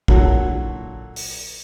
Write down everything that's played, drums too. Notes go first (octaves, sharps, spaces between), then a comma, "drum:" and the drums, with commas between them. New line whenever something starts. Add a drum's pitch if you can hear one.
A#2 D3 F#3 E4 F#4 A4, drum: kick
drum: open hi-hat